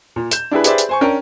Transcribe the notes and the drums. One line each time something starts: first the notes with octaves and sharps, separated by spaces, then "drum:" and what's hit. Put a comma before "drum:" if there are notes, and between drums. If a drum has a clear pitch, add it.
A#2
G6 E7, drum: hi-hat
D4 E4 G4 G#4 B4
G4 G#4 B4 C5 D5 E5, drum: hi-hat
drum: hi-hat
C5 G#5 C#6
C#4 D4 A#4 G5